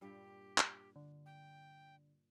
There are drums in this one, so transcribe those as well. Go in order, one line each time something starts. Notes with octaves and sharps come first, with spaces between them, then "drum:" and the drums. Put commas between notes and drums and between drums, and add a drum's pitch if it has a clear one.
G2 A#2 G3 G4
drum: clap
D3
G5